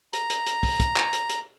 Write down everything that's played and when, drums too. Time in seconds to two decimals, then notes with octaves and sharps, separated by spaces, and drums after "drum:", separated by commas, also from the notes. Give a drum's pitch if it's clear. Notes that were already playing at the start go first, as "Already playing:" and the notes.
0.13 A#5, drum: hi-hat
0.30 drum: hi-hat
0.46 drum: hi-hat
0.63 drum: kick, open hi-hat
0.80 drum: kick, hi-hat
0.96 drum: clap
1.13 drum: hi-hat
1.29 drum: hi-hat